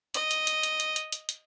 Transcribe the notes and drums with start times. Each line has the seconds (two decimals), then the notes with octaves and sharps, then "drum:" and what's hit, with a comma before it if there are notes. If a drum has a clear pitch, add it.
0.14 D#5, drum: hi-hat
0.31 drum: hi-hat
0.47 drum: hi-hat
0.63 drum: hi-hat
0.80 drum: hi-hat
0.96 drum: hi-hat
1.12 drum: hi-hat
1.29 drum: hi-hat